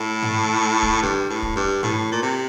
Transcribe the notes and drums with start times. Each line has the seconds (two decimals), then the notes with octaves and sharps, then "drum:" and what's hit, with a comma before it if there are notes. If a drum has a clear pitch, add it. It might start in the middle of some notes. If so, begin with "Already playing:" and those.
Already playing: A2
0.22 drum: tom G#2
0.82 drum: kick
1.02 G2, drum: snare G3
1.30 A2
1.42 drum: kick
1.56 G2
1.83 A2, drum: tom G#2
2.12 A#2
2.22 C3